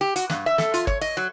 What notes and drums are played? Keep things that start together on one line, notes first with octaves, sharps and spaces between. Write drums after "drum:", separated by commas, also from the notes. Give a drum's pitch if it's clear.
G4
F#4, drum: hi-hat
G2, drum: snare
E5
A4, drum: snare
F4, drum: hi-hat
C#5, drum: kick
D#5, drum: open hi-hat
F#3